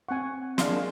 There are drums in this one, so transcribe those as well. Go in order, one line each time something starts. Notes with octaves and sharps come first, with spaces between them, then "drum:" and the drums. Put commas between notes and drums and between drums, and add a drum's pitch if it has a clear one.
C4 F#5 G#5 C#6
G#3 A#3 D4 F5 C6, drum: snare